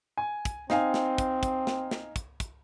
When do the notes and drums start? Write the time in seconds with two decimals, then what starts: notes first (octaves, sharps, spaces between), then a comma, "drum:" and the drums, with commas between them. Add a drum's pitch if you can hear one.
0.18 G#5
0.45 drum: kick, hi-hat
0.70 C4 D#4 F5 G#5, drum: snare
0.94 drum: snare
1.18 drum: kick, hi-hat
1.43 drum: kick, hi-hat
1.67 drum: snare
1.91 drum: snare
2.16 drum: kick, hi-hat
2.40 drum: kick, hi-hat